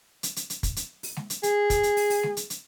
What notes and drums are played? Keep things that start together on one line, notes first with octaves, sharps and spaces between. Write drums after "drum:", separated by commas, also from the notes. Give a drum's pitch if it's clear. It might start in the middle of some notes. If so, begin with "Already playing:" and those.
drum: hi-hat
drum: hi-hat
drum: hi-hat
drum: kick, hi-hat
drum: hi-hat
drum: open hi-hat
drum: snare G#3
drum: hi-hat
G#4, drum: hi-hat
drum: kick, hi-hat
drum: hi-hat
drum: open hi-hat
drum: open hi-hat
drum: snare G#3
drum: hi-hat
drum: hi-hat